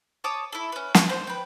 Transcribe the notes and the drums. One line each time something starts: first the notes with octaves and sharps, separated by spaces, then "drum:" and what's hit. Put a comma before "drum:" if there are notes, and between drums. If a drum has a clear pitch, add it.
C#5 A5 D6 D#6
E4 A4
C#4 B4
F#4, drum: snare
C5
B4 G5